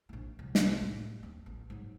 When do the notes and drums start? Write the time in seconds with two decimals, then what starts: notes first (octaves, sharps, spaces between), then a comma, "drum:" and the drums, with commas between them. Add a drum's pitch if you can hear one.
0.09 A#1 E3
0.39 C2
0.55 drum: snare
0.81 A2 G3
1.19 D#2 C4
1.46 A1
1.70 G#2 F#3